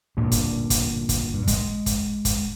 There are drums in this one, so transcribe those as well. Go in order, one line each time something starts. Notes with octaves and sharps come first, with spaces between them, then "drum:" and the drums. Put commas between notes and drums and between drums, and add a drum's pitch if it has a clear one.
D2 G2 A#2
drum: kick, hi-hat
drum: kick, hi-hat
drum: kick, hi-hat
G2
G#3, drum: kick, hi-hat
drum: kick, hi-hat
drum: kick, hi-hat